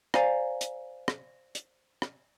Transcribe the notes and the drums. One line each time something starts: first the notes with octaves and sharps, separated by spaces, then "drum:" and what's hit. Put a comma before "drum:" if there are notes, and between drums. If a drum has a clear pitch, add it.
C5 D5 F5 G#5 A#5, drum: rim click
drum: hi-hat
drum: rim click
drum: hi-hat
drum: rim click